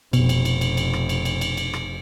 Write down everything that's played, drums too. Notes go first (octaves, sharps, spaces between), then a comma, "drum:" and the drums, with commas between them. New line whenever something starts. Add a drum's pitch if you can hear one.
F1 B2, drum: cymbal
drum: cymbal
drum: cymbal
drum: cymbal
drum: cymbal
drum: rim click
drum: cymbal
drum: cymbal
drum: cymbal
drum: cymbal
drum: rim click